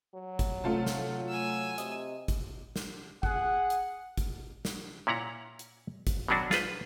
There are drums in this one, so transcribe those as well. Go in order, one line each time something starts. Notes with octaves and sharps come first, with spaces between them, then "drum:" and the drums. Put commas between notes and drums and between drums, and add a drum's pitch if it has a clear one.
F#3
drum: kick, hi-hat
C3 A3 F4 A5
drum: snare
G#5 E6
C3 D#5, drum: hi-hat
drum: kick, hi-hat
drum: snare
G#4 F#5, drum: kick
drum: hi-hat
drum: kick, hi-hat
drum: snare
A#2 C#4 E4 F#5 A#5
drum: hi-hat
drum: kick, hi-hat
B2 D#3 F#3 C#4 D4 F#4
F4 G#4 B4 C5, drum: snare